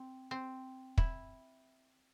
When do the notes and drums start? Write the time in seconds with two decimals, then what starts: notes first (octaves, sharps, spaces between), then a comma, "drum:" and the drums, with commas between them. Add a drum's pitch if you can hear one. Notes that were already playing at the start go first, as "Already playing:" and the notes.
Already playing: C4
0.31 C4
0.98 E4, drum: kick